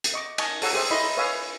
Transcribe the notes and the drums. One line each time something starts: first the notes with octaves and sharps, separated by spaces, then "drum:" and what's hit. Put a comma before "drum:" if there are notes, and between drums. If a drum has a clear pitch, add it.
drum: hi-hat
D#5 C#6 D6
D#5 G#5 A5 C#6, drum: cymbal
A4 C#5 F#5 A#5 E6, drum: open hi-hat
G4 G#4 C5 E5
D#4 E4 D#5 B5 C6
B4 C#5 E5 F5 G#5 D#6